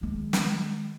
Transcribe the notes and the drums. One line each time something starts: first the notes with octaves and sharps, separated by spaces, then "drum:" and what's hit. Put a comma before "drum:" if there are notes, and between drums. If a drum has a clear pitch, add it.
D#3 G#3
drum: snare